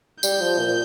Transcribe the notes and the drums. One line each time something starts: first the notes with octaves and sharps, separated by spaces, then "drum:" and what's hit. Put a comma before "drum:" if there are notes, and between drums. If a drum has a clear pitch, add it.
G3 G6, drum: tambourine
F3
A#2